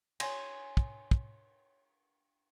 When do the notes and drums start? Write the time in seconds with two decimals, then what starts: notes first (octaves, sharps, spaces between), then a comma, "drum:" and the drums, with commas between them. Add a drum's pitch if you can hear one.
0.20 C#5 G#5 C6, drum: cymbal
0.77 drum: kick
1.11 drum: kick